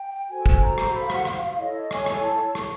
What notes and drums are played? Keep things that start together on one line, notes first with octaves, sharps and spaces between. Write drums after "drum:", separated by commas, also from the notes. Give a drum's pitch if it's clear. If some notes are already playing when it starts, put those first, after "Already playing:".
Already playing: G5
F#4 A4 C5 G#5
drum: kick
A#5
drum: rim click
B5
F5
F#5, drum: rim click
F5, drum: rim click
F5
E4 A4 C#5 D#5
G#5, drum: rim click
drum: rim click
A5
C#6, drum: rim click